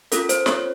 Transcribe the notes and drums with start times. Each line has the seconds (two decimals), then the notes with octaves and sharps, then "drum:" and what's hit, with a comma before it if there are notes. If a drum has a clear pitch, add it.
0.12 C#4 F4 A4 A#4, drum: hi-hat
0.29 C5, drum: hi-hat
0.46 C#5, drum: snare